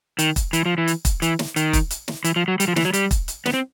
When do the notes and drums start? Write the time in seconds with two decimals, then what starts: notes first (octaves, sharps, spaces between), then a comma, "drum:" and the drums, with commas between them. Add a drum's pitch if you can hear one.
0.19 D#3, drum: hi-hat
0.36 drum: kick E1, hi-hat
0.53 E3, drum: hi-hat
0.66 F3
0.78 E3
0.88 drum: hi-hat
1.05 drum: kick E1, hi-hat
1.22 E3, drum: hi-hat
1.39 drum: snare
1.56 D#3, drum: hi-hat
1.73 drum: kick E1, hi-hat
1.91 drum: hi-hat
2.08 drum: snare
2.24 E3, drum: hi-hat
2.36 F3
2.48 F#3
2.60 G3, drum: hi-hat
2.68 F3
2.76 E3, drum: snare
2.85 F#3
2.93 G3, drum: hi-hat
3.11 drum: kick E1, hi-hat
3.28 drum: hi-hat
3.46 B3, drum: snare
3.54 C4